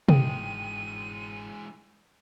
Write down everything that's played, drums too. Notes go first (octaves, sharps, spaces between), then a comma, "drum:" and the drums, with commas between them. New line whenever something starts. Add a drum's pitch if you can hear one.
G1 G#2 E3 G#3 G5 D#6 D#7, drum: tom